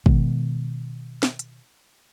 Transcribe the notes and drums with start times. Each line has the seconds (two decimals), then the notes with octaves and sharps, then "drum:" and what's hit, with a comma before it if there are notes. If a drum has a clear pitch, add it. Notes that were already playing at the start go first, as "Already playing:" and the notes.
0.06 B2 D#3 G#3 B3, drum: kick
1.23 drum: snare
1.39 drum: hi-hat